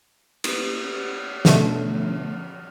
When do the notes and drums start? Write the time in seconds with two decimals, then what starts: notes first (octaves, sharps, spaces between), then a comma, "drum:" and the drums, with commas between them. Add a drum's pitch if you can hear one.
0.44 drum: cymbal
1.45 B2 D3 A3, drum: snare